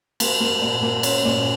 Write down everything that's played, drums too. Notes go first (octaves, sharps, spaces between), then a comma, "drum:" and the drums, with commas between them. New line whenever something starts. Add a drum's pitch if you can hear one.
A#3, drum: cymbal
A#3
A#2
A#3
C#4, drum: cymbal
A#2